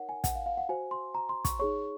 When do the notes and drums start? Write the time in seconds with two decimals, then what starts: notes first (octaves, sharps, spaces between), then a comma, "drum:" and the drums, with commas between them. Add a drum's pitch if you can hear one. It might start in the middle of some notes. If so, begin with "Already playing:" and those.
Already playing: D#4 A#4 C#5 F#5
0.09 G#5
0.24 F#5, drum: kick, hi-hat
0.35 F5
0.46 F5
0.57 F#5
0.69 F#4 C5 G#5
0.91 C6
1.15 A#5
1.29 C6
1.45 C#6, drum: kick, hi-hat
1.59 D#4 G#4 C#5 C#6